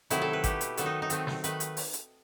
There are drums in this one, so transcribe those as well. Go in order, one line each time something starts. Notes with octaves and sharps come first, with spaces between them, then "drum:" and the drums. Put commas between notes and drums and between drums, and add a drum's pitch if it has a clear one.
C3 D#3 F#3 A3 E4, drum: hi-hat
A4
B4
B2 A3 G4, drum: kick G#1, hi-hat
drum: hi-hat
D#3 F#3 A3 A4, drum: hi-hat
D#4
D#4
D#3 F#3 A3 C4, drum: hi-hat
drum: snare
D#3 A3 B4, drum: hi-hat
drum: hi-hat
drum: open hi-hat
drum: hi-hat